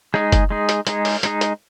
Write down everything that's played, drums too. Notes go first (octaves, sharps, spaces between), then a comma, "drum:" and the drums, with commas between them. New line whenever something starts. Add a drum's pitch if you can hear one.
G#3 D#4 G#4, drum: rim click
drum: kick F#1, hi-hat
G#3 D#4 G#4
drum: hi-hat
G#3 D#4 G#4, drum: hi-hat
drum: open hi-hat
G#3 D#4 G#4, drum: hi-hat
drum: hi-hat